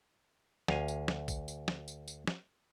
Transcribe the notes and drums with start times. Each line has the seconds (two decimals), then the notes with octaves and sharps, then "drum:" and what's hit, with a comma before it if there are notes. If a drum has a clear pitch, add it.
0.68 D2 F5 G#5, drum: snare
0.88 drum: tambourine
1.08 drum: snare
1.28 drum: kick A#1, tambourine
1.48 drum: tambourine
1.68 drum: snare
1.88 drum: tambourine
2.08 drum: tambourine
2.27 drum: snare